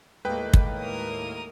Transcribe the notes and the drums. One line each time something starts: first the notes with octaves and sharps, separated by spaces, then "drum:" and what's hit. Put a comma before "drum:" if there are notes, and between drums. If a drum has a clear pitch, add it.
D#2 A2 G#3 A#3 A4 B4 D#5 G5
drum: kick
A#4 D#6